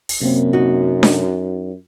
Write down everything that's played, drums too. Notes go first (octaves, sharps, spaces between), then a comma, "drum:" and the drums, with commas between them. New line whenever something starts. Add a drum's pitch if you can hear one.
drum: open hi-hat
F#2 C3 A#3 C4
D#4 F#4
drum: snare D4